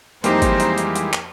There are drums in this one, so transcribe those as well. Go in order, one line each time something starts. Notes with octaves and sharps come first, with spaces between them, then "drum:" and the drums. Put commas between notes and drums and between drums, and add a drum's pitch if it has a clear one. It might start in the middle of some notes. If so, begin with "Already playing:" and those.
F2 E3 G3 G#3 A#3 D#4 G4 C5, drum: hi-hat
drum: kick, hi-hat
drum: hi-hat
drum: hi-hat
drum: hi-hat
drum: clap